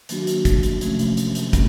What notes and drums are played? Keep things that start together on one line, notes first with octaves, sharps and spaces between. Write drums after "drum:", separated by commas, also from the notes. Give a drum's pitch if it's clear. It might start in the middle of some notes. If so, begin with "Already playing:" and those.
D#3 F#3 A#3 D4 F#4, drum: hi-hat
drum: hi-hat
drum: kick, hi-hat
drum: hi-hat
C3 F3 A3 C#4, drum: hi-hat
drum: hi-hat
drum: hi-hat
drum: hi-hat
A3 C#4, drum: kick, hi-hat